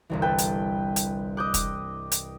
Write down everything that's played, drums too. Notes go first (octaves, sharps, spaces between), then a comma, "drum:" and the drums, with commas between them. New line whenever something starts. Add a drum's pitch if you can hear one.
G1 C2 E3
A4 B4 G5
drum: hi-hat
drum: hi-hat
D#5 D6 F#6 G6
drum: kick, hi-hat
drum: hi-hat